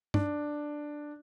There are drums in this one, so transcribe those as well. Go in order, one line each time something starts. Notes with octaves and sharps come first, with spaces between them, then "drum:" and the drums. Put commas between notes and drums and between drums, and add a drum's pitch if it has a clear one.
D4, drum: tom